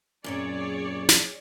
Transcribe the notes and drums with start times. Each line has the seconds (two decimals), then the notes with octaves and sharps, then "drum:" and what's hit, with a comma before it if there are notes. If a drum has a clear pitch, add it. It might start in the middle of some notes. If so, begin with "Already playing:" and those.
0.24 F#2 A#2 C4 G#4 C#5 D5
1.09 drum: snare